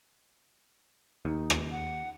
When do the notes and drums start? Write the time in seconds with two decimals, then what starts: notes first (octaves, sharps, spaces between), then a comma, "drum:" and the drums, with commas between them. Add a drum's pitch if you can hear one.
1.25 D#2 D#4
1.50 drum: rim click
1.71 F#5